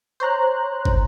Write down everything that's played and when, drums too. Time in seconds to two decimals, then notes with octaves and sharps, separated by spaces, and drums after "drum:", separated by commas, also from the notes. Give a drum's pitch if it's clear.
0.20 C5 C#5 A#5 F#6
0.85 drum: kick